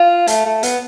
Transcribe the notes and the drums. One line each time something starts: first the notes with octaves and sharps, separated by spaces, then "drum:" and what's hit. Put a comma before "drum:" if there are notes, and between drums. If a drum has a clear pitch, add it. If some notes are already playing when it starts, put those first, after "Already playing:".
Already playing: F4
A3, drum: hi-hat
A3
B3, drum: hi-hat